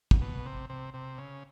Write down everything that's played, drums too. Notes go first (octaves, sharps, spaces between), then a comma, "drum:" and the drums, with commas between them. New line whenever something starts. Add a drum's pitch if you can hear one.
drum: kick
B2
C3
C3
C3
C#3